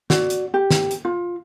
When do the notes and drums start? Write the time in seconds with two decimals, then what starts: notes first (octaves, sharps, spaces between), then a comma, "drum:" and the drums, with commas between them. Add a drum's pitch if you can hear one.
0.10 F#4 D5, drum: snare
0.30 drum: hi-hat
0.54 G4
0.71 drum: snare
0.91 drum: hi-hat
1.05 F4